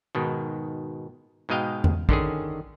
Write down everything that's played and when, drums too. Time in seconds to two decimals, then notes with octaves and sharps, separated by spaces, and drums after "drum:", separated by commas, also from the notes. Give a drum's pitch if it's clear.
0.15 G#2 B2 D#3
1.49 G#2 B2 G#3 D#5 F5 G5
1.84 drum: tom E2
2.09 D3 D#3 C#4 G#4, drum: kick